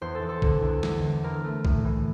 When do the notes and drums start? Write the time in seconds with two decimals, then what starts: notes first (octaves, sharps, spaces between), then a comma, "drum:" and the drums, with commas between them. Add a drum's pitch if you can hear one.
0.01 E2 C5
0.15 A4
0.22 E2
0.29 A4
0.42 D3, drum: kick B1
0.62 E2
0.83 E2, drum: snare
1.03 D3
1.24 D3 A#4
1.44 A3
1.65 A2, drum: kick B1
1.85 E3